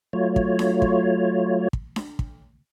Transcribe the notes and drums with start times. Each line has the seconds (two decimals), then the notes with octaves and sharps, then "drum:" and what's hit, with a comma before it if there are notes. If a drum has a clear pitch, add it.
0.13 F#3 A3 F4 C#5
0.36 drum: kick
0.59 drum: snare D4
0.82 drum: kick
1.73 drum: kick
1.96 drum: snare D4
2.19 drum: kick